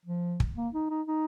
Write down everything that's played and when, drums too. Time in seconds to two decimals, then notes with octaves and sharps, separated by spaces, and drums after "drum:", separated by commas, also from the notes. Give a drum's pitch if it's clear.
0.05 F3
0.40 drum: kick
0.57 A#3
0.74 D#4
0.90 D#4
1.07 D#4